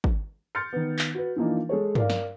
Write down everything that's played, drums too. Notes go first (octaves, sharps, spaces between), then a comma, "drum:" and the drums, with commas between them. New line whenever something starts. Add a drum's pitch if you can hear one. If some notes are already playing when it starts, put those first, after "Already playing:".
drum: kick
C6 F6 G6 A6 C#7
D#3 B3
drum: clap
F#4 B4
E3 F3 A#3 D4 D#4
G#3 G#4 A4 C#5
A#4 D5 F5, drum: tom G2
drum: snare